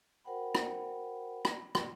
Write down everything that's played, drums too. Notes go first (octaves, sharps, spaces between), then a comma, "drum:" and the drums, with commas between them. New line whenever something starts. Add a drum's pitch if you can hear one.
F#4 A#4 C5 F#5 G5 B5
drum: rim click
drum: rim click
drum: rim click